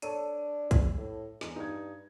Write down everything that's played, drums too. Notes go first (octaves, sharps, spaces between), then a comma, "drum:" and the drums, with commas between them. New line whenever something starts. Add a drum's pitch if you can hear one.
D4 A4 C#5 D#7, drum: hi-hat
drum: kick, hi-hat
A2
E2 G#3, drum: snare
G2 D#4 G#6